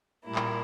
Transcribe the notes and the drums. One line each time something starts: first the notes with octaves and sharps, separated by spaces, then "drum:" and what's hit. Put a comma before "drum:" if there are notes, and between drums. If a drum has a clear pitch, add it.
A#2 G3 A#3 E4
drum: clap